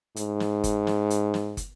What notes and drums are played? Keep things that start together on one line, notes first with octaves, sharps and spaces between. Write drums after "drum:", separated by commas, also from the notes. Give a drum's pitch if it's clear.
G#2, drum: hi-hat
drum: snare
drum: kick, hi-hat
drum: snare
drum: hi-hat
drum: snare
drum: kick, hi-hat